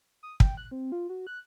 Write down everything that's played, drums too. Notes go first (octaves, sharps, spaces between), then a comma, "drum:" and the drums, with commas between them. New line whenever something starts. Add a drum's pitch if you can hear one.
D#6
G5, drum: kick
F#6
C4
F4
F#4
F#6